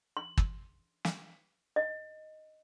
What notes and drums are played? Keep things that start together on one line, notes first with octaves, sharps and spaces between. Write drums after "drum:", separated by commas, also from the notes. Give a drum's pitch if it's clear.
C6
drum: kick
drum: snare
D#5